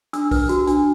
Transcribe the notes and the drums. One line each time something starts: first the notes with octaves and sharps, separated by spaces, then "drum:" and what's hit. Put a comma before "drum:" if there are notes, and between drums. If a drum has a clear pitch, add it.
D4 E6, drum: hi-hat
B4, drum: kick B1, open hi-hat
F#4, drum: hi-hat
D4, drum: hi-hat